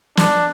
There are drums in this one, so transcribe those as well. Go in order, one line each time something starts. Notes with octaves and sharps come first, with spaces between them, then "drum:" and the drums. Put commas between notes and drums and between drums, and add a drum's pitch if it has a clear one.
D4, drum: snare